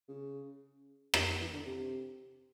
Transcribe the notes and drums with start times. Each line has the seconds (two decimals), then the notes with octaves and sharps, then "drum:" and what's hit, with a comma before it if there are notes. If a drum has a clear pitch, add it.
0.08 C#3
1.14 D3, drum: rim click
1.27 D#3
1.40 E3
1.53 D3
1.66 C3